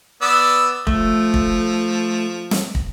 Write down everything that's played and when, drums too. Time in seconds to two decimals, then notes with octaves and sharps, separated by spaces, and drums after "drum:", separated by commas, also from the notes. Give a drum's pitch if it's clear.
0.22 B3 D5 E6
0.87 F3 A3, drum: kick
1.34 drum: kick
2.51 drum: snare
2.75 drum: kick